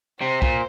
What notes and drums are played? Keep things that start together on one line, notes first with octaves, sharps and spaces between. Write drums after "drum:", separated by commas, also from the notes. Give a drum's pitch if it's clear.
C3 C5
A#2, drum: kick